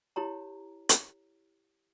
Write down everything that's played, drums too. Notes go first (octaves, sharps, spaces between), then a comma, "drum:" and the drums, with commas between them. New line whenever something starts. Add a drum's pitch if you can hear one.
E4 G4 C#5 A#5
drum: hi-hat